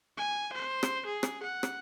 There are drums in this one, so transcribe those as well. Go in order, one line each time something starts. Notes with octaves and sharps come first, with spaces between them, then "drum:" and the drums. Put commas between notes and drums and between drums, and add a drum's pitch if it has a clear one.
G#5
C5
drum: rim click
G#4
drum: rim click
F#5
drum: rim click